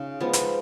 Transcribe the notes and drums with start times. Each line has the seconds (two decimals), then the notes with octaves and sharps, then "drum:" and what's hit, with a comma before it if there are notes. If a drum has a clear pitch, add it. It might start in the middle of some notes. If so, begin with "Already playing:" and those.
Already playing: C#3 D#4 F4 G#4
0.20 F3 G#3 B3
0.33 drum: hi-hat